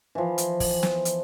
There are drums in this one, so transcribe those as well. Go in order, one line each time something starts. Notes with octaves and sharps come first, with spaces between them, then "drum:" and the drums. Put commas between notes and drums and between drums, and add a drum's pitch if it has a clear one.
E3 F3
drum: hi-hat
drum: kick, open hi-hat
drum: snare
drum: hi-hat